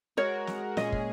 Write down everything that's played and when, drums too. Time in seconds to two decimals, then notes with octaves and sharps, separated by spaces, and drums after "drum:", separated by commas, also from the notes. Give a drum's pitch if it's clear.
0.17 G#3 F#4 A#4 C#5
0.47 drum: snare
0.77 A#2 G#3 C#4 G#4 D#5, drum: snare
0.92 drum: kick